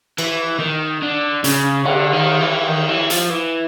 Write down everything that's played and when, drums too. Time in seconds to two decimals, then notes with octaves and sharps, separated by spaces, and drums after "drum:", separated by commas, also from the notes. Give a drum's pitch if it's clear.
0.18 E3, drum: cymbal
0.60 D#3
1.02 D3
1.44 C#3, drum: hi-hat
1.85 D3, drum: cymbal
2.13 D#3
2.41 E3
2.68 D#3
2.89 E3
3.10 F3, drum: hi-hat
3.30 E3